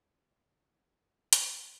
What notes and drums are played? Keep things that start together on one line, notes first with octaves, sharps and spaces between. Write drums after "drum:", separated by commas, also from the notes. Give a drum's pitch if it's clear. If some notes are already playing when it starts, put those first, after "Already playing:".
D5 F#5
drum: hi-hat